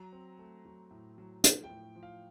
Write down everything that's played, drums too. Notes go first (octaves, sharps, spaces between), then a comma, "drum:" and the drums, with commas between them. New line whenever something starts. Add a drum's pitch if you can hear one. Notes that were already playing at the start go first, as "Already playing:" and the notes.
Already playing: F#3 A#5
C4
A3
F#3
A2
F#3
F3, drum: hi-hat
G5
A2
F3
F5